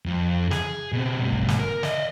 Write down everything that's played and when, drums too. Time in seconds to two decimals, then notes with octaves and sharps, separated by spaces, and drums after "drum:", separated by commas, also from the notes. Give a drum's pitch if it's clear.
0.06 F2
0.51 G#4, drum: snare
0.93 B2 C4
1.20 G2 B2
1.32 drum: kick
1.49 drum: snare
1.60 A#4
1.83 D5 D#5, drum: snare